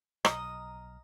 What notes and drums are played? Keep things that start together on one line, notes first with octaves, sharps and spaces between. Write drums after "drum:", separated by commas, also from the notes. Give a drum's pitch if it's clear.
B1 D#5 A#5 F6, drum: rim click